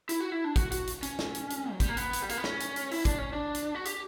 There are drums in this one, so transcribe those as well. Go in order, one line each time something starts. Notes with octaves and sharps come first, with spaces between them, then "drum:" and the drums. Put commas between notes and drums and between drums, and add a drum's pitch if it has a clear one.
E4, drum: hi-hat
F#4
E4
D4
F#4, drum: kick, hi-hat
F#4, drum: hi-hat
drum: hi-hat
C#4, drum: hi-hat
drum: snare
drum: hi-hat
drum: hi-hat
F#3
G3, drum: kick, hi-hat
A#3
B3, drum: hi-hat
drum: hi-hat
G3
A#3, drum: hi-hat
B3
C#4, drum: snare
drum: hi-hat
drum: hi-hat
E4, drum: open hi-hat
D4, drum: kick, hi-hat
C#4
D4
drum: hi-hat
F#4
G4, drum: hi-hat